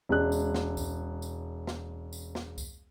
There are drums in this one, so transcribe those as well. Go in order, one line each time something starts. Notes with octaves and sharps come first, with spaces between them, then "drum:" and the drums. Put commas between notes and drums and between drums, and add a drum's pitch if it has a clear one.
E1 G#3 C#4 D5 F#6
drum: tambourine
drum: snare
drum: kick C2, tambourine
drum: tambourine
drum: snare
drum: tambourine
drum: snare
drum: kick C2, tambourine